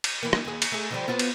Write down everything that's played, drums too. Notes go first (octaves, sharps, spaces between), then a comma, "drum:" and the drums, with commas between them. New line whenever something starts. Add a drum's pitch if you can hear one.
drum: cymbal
E3 A#3
drum: rim click
D#2 G#4
drum: cymbal
A3 G#4
D3 F3 G3
B3 F4 F#4
drum: cymbal